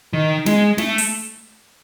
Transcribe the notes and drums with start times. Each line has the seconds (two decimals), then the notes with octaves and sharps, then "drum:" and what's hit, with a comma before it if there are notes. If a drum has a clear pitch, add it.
0.13 D#3
0.46 G#3, drum: snare
0.78 A3, drum: snare
0.98 drum: open hi-hat